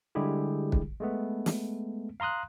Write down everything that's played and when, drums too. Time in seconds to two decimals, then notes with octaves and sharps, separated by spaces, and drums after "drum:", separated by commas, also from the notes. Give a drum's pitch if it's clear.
0.15 D3 G3 G#3 E4 G4 G#4
0.72 drum: kick
1.00 G#3 A3 B3
1.46 drum: snare
2.20 F5 A#5 C6 D#6 F#6